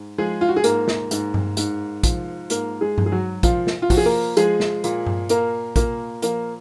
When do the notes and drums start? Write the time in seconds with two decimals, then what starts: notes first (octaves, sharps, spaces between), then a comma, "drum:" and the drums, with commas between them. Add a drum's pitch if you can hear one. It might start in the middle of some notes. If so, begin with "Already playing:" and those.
Already playing: G#2
0.18 F3 G#3 G#4
0.41 F4
0.49 F#4
0.56 G#4
0.64 G#2 A#3 A#4, drum: hi-hat
0.88 drum: snare
1.11 G#2, drum: hi-hat
1.34 drum: tom G2
1.57 G#2, drum: hi-hat
2.03 F3, drum: kick, hi-hat
2.50 G#2 A#3 A#4, drum: hi-hat
2.81 G#3 G#4
2.98 G#2, drum: tom G2
3.06 G#4
3.12 F#3 F#4
3.43 A#2 F3 F4, drum: kick, hi-hat
3.67 drum: snare
3.82 F4
3.90 F3 F#4, drum: kick, open hi-hat
3.97 G#4
4.05 A#3 A#4
4.37 F3 G#3 G#4, drum: hi-hat
4.60 drum: snare
4.84 A#2, drum: hi-hat
5.07 drum: tom G2
5.29 A#2 A#3 A#4, drum: hi-hat
5.76 A#2 A#3 A#4, drum: kick, hi-hat
6.22 F3 A#3 A#4, drum: hi-hat